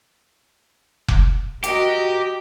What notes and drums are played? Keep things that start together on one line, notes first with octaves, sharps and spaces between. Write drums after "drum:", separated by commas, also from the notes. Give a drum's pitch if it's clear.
drum: kick F1
F#4 G4 A#4 D#5, drum: hi-hat